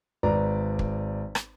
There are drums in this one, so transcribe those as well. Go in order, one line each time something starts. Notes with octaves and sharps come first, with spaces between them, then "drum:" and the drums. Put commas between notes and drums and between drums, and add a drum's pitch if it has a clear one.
G#1 B4 D5 A#5
drum: kick
drum: rim click